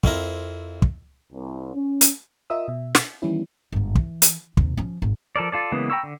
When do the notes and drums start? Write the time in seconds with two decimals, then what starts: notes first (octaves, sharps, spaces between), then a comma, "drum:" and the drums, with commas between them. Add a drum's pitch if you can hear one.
0.04 F2 C4 E4 A#4, drum: kick
0.82 drum: kick
1.32 C2
1.75 C#4
2.01 drum: hi-hat
2.50 F4 A#4 D#5 E5 D#6 E6
2.68 B2 E5
2.95 drum: snare
3.22 D#3 E3 G3 B3 C#4 E4
3.72 G1 G#2
3.95 E3, drum: kick
4.22 drum: hi-hat
4.57 D#2 C3, drum: kick
4.77 F3 C#4
5.02 G#1
5.36 F3 A4 A#4 D5
5.52 F4 A4 D5
5.72 C#3 E3 G#3 A#3 B3
5.90 G5 A#5 B5 C#6 E6
6.03 D3